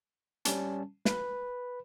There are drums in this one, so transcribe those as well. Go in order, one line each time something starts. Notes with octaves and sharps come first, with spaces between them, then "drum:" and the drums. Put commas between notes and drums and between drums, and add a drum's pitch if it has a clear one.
G3 C#4 A5, drum: hi-hat
B4 B5, drum: snare